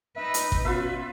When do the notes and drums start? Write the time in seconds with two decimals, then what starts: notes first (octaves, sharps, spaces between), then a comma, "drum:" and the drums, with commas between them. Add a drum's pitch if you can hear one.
0.16 D#4 B4 E5
0.34 drum: hi-hat
0.52 drum: kick G#1
0.65 B2 B3 C#4 F4 B4 E5